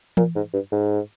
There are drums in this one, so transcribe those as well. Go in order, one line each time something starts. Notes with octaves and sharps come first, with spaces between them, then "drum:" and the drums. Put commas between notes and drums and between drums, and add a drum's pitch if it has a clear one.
A#2, drum: tom E3
G#2
G2
G#2